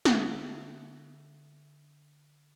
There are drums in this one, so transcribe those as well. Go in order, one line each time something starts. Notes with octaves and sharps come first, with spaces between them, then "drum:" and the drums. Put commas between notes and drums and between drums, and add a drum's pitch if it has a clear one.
D3 E5, drum: snare